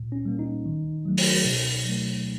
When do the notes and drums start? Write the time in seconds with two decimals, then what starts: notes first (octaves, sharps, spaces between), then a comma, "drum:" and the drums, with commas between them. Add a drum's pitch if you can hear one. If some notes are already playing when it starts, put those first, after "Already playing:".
Already playing: A#2
0.12 C#4
0.26 G3 A#3
0.39 D#4
0.66 D#3
1.05 F#3 A3
1.17 drum: open hi-hat
1.45 B2
1.85 F#3 A3